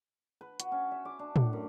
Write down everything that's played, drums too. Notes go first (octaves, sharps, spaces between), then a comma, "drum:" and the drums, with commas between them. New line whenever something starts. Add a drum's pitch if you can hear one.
B4
F#4, drum: hi-hat
C#4
E5
D6
D4
A2, drum: tom
F#2